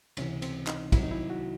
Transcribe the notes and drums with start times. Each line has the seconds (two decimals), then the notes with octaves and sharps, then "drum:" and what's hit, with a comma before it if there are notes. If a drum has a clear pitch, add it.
0.17 C#2 C3 E3 C#4, drum: cymbal
0.42 C4, drum: cymbal
0.67 D#4, drum: clap
0.92 C2 C3 D#3 F#3 E4, drum: kick, cymbal
1.03 D#4
1.11 E4
1.30 F#4